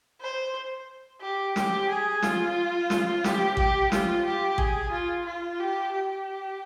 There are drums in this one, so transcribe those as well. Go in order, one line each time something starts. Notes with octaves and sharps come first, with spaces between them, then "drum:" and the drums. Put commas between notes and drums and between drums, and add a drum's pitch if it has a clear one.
C5
G4
G4, drum: snare
G#4
F4, drum: snare
drum: snare
G4, drum: snare
G4, drum: kick A1
F4, drum: snare
G4
G#4, drum: kick A1
F4
F4
G4
G4